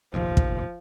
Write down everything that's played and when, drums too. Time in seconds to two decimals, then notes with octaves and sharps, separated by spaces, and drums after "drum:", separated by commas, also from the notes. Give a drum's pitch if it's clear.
0.14 F1 A#1 D#2 F3
0.37 drum: kick